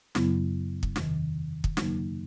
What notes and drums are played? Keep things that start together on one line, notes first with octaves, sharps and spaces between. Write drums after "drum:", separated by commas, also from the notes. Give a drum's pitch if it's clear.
F#2 C#3 F#3 B3 E4, drum: snare
drum: kick
E2 C3 D#3, drum: snare
drum: kick
F#2 C#3 F#3 A#3 D#4, drum: snare